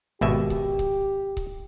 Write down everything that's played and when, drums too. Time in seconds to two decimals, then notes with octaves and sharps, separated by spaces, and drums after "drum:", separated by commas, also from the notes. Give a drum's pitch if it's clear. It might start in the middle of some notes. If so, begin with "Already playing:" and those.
0.21 G#1 B2 G4 E5
0.50 drum: kick C#1
0.79 drum: kick C#1
1.37 drum: kick C#1